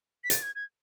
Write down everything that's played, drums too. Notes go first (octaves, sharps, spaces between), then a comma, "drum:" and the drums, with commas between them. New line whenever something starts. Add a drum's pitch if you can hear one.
B6
A6, drum: hi-hat
G#6
G#6